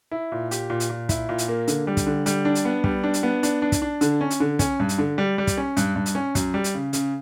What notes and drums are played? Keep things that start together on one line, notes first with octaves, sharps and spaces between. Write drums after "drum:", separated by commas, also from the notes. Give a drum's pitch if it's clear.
E4
A#2
G4, drum: hi-hat
A#2
drum: hi-hat
A#2
E4, drum: kick, hi-hat
A#2
drum: hi-hat
A#3
D3, drum: hi-hat
G3
drum: kick, hi-hat
D3
G3, drum: hi-hat
D4
drum: hi-hat
B3
G3, drum: kick
D4
drum: hi-hat
B3
D4, drum: hi-hat
D4
drum: kick, hi-hat
D4
D3, drum: hi-hat
C#4
drum: hi-hat
D3
C#4, drum: kick, hi-hat
G2
drum: hi-hat
D3
G3
G3
drum: kick, hi-hat
C#4
G2, drum: hi-hat
G2
drum: hi-hat
C#4
F#2, drum: kick, hi-hat
G3
drum: hi-hat
C#3
C#3, drum: hi-hat